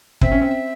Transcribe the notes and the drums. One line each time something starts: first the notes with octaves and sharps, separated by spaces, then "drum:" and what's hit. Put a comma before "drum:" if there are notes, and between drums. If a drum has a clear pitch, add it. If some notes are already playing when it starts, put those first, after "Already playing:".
C4 E5, drum: kick
C#4
C4 E5